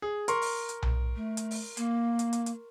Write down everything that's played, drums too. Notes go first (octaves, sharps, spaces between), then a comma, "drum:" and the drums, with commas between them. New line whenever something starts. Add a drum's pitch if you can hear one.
G#4
A#4 C6 C#6, drum: hi-hat
drum: open hi-hat
drum: hi-hat
drum: tom B1
A3
drum: hi-hat
drum: open hi-hat
A#3, drum: hi-hat
drum: hi-hat
drum: hi-hat
drum: hi-hat